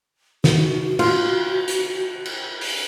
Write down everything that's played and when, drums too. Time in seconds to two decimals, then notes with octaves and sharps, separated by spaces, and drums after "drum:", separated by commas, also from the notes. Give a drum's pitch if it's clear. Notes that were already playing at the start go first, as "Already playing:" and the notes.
0.44 F#4, drum: snare
0.99 F4, drum: cymbal
1.68 drum: hi-hat
2.26 drum: cymbal
2.61 drum: open hi-hat